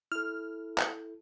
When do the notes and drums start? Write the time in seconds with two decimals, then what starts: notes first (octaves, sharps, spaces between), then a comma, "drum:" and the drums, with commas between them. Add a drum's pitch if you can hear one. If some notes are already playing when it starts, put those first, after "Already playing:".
0.12 E4 A4 F6
0.78 drum: clap